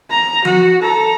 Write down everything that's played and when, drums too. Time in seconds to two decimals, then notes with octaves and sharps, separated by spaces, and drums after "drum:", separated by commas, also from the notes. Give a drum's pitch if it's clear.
0.11 A#5
0.45 F#4, drum: tom F3
0.82 A4 A#5